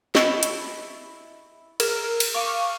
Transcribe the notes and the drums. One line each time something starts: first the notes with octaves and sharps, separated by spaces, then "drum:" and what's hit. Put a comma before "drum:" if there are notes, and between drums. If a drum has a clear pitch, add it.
E4 D#5 A5 C#6 E6, drum: snare
drum: hi-hat
G#4 A#4 E6, drum: cymbal
drum: cymbal
F5 C#6 D6